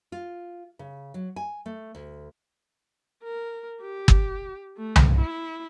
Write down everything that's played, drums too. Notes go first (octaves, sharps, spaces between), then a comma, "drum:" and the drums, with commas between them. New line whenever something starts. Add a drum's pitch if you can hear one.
F4
C#3
F#3
G#5
A3
D2
A#4
G4
drum: kick
A3
drum: tom C2
E4